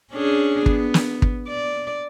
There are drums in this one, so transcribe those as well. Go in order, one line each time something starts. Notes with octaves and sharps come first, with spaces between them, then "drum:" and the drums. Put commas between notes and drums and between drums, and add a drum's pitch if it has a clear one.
C#4 D4 G#4
B3, drum: kick
drum: snare
drum: kick
D5